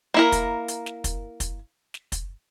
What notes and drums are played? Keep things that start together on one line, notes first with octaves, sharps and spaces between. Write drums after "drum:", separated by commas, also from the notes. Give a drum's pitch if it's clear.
A#3 E4 A#4
drum: kick, hi-hat
drum: hi-hat
drum: snare
drum: kick, hi-hat
drum: kick, hi-hat
drum: snare
drum: kick, hi-hat